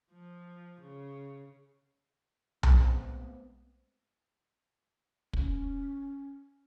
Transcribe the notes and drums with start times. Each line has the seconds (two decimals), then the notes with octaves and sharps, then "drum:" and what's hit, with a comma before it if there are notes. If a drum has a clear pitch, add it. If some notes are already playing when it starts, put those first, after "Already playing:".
0.12 F3
0.81 C#3
2.63 G#3 A3 B3 C4, drum: tom B1
5.33 C#4, drum: kick